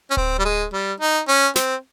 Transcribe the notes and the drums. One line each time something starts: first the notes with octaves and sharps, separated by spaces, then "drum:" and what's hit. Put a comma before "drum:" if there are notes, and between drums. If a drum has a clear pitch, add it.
C#4
C4, drum: kick D1
G3
G#3
G3
D#4
C#4
C4, drum: snare